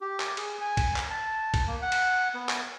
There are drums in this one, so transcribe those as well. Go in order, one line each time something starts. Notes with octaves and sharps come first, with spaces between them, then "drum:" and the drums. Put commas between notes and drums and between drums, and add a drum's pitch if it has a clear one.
G4
drum: clap
G#4, drum: cymbal
G#5
drum: kick A#1, cymbal
drum: clap
A5
drum: kick A#1, cymbal
A#3
F#5
drum: cymbal
B3
drum: clap